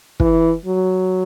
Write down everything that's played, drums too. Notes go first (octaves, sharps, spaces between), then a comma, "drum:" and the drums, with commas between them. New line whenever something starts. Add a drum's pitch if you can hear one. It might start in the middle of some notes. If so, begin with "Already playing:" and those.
E3, drum: kick
F#3